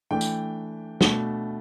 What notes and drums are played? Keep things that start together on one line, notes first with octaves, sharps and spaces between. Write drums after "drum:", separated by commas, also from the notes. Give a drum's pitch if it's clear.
E3 A3 D4 G5
drum: tambourine
B2 A3 D4, drum: snare